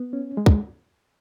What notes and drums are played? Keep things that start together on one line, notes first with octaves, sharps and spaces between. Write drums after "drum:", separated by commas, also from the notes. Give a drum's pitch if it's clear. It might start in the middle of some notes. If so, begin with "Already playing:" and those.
Already playing: B3
C#4
G#3
drum: kick